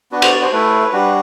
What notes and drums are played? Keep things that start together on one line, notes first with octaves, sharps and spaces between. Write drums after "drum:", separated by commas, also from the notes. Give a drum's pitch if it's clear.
B3 D4 F#4 B4
C5, drum: cymbal
D5
C5
A3 E4 B4
G3 D4 F#4